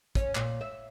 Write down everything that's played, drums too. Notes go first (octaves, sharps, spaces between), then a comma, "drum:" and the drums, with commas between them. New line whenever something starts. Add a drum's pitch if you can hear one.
C#4, drum: kick, hi-hat
A#2, drum: clap
E5